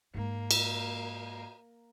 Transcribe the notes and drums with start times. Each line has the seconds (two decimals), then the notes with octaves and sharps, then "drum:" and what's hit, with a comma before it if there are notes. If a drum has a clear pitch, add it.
0.15 G#2 G#3 A#3
0.51 drum: cymbal